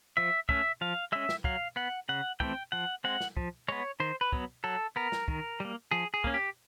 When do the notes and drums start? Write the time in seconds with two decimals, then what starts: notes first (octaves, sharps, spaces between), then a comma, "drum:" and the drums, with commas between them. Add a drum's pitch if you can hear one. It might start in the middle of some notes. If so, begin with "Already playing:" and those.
0.17 F3 E5
0.49 A3 C#4 E5, drum: kick
0.81 F3 F5
1.12 G#3 C#4 E5
1.29 drum: snare
1.44 F#3 F5, drum: kick
1.76 B3 F#5
2.09 C#3 F#5
2.40 E3 A3 C4 G5, drum: kick
2.72 F3 F#5
3.04 G#3 C4 F#5
3.21 drum: snare
3.37 F3, drum: kick
3.68 G#3 B3 C#5
4.00 D#3 C5
4.21 B4
4.32 F#3 B3, drum: kick
4.64 F#3 A4
4.96 B3 A#4
5.12 drum: snare
5.28 D#3, drum: kick
5.60 G3 A#3
5.91 F3 G#4
6.14 G#4
6.24 A#3 C#4, drum: kick
6.34 G4